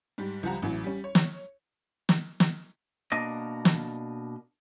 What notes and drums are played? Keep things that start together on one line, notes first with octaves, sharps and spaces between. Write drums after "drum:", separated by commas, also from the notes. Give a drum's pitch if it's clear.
G#2 G3
C#2 F3 G3 F#5 A#5
A1 E3 F#3
G3 C#4
C#5
drum: snare
drum: snare
drum: snare
B2 A#3 D4 D#5
drum: snare